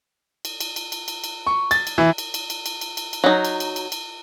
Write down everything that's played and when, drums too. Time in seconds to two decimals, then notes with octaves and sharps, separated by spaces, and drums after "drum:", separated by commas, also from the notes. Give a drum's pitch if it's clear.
0.45 drum: cymbal
0.60 drum: cymbal
0.76 drum: cymbal
0.92 drum: cymbal
1.08 drum: cymbal
1.24 drum: cymbal
1.47 C#6
1.71 A6, drum: cymbal
1.87 drum: cymbal
1.98 E3
2.18 drum: cymbal
2.34 drum: cymbal
2.50 drum: cymbal
2.66 drum: cymbal
2.81 drum: cymbal
2.97 drum: cymbal
3.13 drum: cymbal
3.24 F#3 D#4
3.45 drum: cymbal
3.60 drum: cymbal
3.76 drum: cymbal
3.92 drum: cymbal